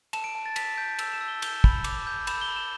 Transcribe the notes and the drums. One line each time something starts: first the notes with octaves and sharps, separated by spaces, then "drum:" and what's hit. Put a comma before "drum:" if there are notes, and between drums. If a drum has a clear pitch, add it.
A5 E7, drum: cymbal
D7
A5
A6
A5 B6, drum: cymbal
G6 D7
E6 E7, drum: cymbal
E7
E6
G7
G6 G7, drum: cymbal
B5, drum: kick
D6, drum: cymbal
G6
B5 E7, drum: cymbal
G7
B5
E7